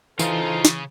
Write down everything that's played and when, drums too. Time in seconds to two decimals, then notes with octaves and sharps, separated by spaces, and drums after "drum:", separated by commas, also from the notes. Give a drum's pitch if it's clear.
0.19 C#3 E3 D#4 F4 G#4 A4 C5 F5, drum: tambourine
0.65 drum: snare